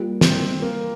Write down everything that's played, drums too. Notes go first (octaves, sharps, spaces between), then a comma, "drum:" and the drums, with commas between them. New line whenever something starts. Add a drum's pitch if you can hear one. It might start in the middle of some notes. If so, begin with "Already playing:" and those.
Already playing: G3 A#3 F4
C4, drum: snare
A#3